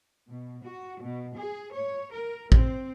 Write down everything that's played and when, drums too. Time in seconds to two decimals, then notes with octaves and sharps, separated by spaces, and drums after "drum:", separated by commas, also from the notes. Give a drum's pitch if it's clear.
0.29 B2
0.64 F#4
1.01 B2
1.35 G#4
1.73 C#5
2.13 A#4
2.52 C4, drum: kick